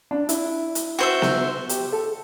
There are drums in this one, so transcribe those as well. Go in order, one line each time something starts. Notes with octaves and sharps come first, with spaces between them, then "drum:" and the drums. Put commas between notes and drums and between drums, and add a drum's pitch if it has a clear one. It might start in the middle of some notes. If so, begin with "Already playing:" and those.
D4
E4, drum: hi-hat
drum: hi-hat
F#4 C5 E5
drum: snare B3
G4, drum: hi-hat
A4